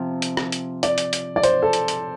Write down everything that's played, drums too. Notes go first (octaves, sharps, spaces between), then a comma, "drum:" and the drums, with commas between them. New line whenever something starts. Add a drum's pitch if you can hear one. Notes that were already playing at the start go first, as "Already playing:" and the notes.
Already playing: C3 F3 C4
drum: hi-hat
drum: rim click
drum: hi-hat
D5, drum: hi-hat
drum: hi-hat
drum: hi-hat
D5
C5, drum: hi-hat
A4
drum: hi-hat
drum: hi-hat